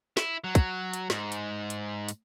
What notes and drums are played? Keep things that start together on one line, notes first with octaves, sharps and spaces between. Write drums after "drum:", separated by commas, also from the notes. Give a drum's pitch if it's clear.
E4, drum: snare
F#3
drum: kick, hi-hat
drum: hi-hat
G#2, drum: snare
drum: hi-hat
drum: hi-hat
drum: hi-hat